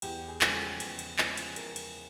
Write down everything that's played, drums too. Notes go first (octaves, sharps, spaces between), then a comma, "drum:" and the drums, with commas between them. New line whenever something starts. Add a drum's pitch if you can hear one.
E2 G4, drum: cymbal
G#4
C#3 F3 G#3, drum: clap
A4
E2, drum: cymbal
drum: cymbal
C#3 F3 G#3, drum: clap
drum: cymbal
E2 A#4, drum: cymbal
drum: cymbal